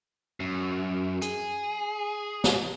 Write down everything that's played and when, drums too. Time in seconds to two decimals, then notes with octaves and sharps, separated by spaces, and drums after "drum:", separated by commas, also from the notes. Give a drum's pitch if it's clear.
0.40 F#2
1.22 G#4, drum: hi-hat
2.44 drum: snare